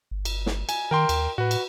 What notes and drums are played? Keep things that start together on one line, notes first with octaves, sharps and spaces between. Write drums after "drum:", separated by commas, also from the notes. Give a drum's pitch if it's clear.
G1
drum: cymbal
drum: snare
G#5, drum: cymbal
D#3 A#4 G5 C6
D#2, drum: cymbal
A2 F#4 B4
drum: cymbal